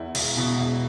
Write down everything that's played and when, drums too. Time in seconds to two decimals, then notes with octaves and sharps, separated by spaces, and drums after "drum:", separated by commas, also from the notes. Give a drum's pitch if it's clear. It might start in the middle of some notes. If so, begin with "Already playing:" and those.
Already playing: E2 E4
0.15 E1, drum: cymbal
0.37 B2 E4
0.60 E1